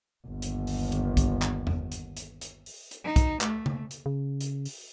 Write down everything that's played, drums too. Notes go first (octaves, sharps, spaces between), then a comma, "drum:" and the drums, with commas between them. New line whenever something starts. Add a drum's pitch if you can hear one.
G1 D#2
drum: hi-hat
drum: open hi-hat
drum: hi-hat
drum: kick, hi-hat
drum: clap
drum: tom E2
drum: hi-hat
drum: hi-hat
drum: hi-hat
drum: open hi-hat
drum: hi-hat
D#4
drum: kick, hi-hat
A3, drum: clap
drum: tom
drum: hi-hat
C#3
drum: hi-hat
drum: open hi-hat